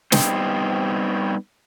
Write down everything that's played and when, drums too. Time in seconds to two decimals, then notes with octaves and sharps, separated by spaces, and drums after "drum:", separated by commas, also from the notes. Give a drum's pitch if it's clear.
0.12 G3 B3 C4 D#4 C5, drum: snare